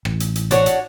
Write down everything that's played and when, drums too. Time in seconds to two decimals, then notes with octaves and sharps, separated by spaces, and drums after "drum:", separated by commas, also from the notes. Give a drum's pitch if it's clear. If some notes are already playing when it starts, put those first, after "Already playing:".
0.05 A1, drum: rim click
0.20 drum: hi-hat
0.35 drum: hi-hat
0.51 D4 F#4 C#5, drum: hi-hat
0.66 drum: hi-hat